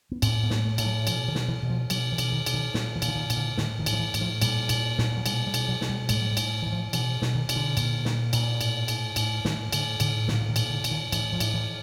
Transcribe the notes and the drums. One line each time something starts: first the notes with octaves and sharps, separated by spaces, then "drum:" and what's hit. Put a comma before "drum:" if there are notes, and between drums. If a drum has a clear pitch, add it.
B3
A2 C4, drum: cymbal
B3
A2 A#3, drum: snare
A3
A2, drum: cymbal
F#3
B2 F3, drum: cymbal
D#3
B2, drum: snare
E3
B2
F3
B2 F#3, drum: cymbal
E3
B2, drum: cymbal
D#3
B2, drum: cymbal
D#3
A#2, drum: snare
E3
A#2, drum: cymbal
D3
D#3
A#2, drum: cymbal
D3
A2 D3, drum: snare
D#3
A2, drum: cymbal
F3
E3
A2, drum: cymbal
F3
A#2 G3, drum: cymbal
A#2, drum: cymbal
A#2, drum: snare
F#3
B2 G3, drum: cymbal
G3
B2, drum: cymbal
F#3
B2, drum: snare
G3
A2 G#3, drum: cymbal
F#3
G3
A2, drum: cymbal
A2 E3
F3
B2 E3, drum: cymbal
B2, drum: snare
D#3
B2, drum: cymbal
D3
A#2, drum: cymbal
A#2, drum: snare
A#2, drum: cymbal
A2, drum: cymbal
A2, drum: cymbal
A2, drum: cymbal
A2 D#3, drum: snare
A2 D3, drum: cymbal
A2 D3, drum: cymbal
A#2 D3, drum: snare
D3
D#3
A#2, drum: cymbal
D3
A#2, drum: cymbal
D#3
A2 E3, drum: cymbal
F3
A2, drum: cymbal
E3